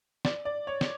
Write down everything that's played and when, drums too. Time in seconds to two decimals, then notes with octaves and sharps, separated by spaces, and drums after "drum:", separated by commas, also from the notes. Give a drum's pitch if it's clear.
0.25 D5, drum: snare
0.45 D5
0.67 C#5
0.81 drum: snare